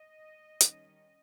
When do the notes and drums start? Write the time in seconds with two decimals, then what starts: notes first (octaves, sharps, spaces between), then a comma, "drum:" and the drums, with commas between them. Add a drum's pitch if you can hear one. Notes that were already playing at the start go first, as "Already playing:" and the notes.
Already playing: D#5
0.61 D#3 G3 C#4, drum: hi-hat